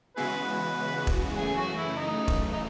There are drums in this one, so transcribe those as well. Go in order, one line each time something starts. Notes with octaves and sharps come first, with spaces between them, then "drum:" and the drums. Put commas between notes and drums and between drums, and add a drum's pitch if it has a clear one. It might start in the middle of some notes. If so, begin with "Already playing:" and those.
C#3 E3 G#3 B3 E4 F#4 G#4 B4
drum: kick E1
F#2 C#3 E3 A3 G#4
F#4
E4
D#4
drum: kick E1
D#4